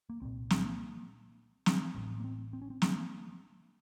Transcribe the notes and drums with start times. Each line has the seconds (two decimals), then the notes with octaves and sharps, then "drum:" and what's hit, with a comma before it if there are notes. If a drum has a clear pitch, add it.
0.10 A#3
0.22 C2 A#2 C4
0.50 drum: snare
0.64 A#3
1.66 drum: snare
1.95 A1 A2 C4
2.20 A#3
2.24 C4
2.53 C4
2.62 C#4
2.70 C4
2.82 A#3, drum: snare